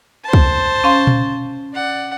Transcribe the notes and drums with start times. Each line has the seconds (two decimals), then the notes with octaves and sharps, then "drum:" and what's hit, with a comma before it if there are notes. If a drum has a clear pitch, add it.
0.24 C5 A5
0.33 drum: kick
0.84 C#4 F5 C6
1.07 drum: tom A#2
1.73 D5 F#5